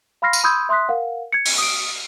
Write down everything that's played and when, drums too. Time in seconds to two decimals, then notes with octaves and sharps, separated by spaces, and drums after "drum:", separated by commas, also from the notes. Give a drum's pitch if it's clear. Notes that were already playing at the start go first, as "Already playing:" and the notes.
0.22 F5 B5 C6 F6 A#6 C7
0.33 drum: tambourine
0.44 B5 C6 D#6 E6 G6 G#6
0.69 E5 C6 D#6 F#6 B6
0.89 A#4 F5 F#5
1.32 G#6 C#7
1.45 drum: open hi-hat
1.58 D#6 D7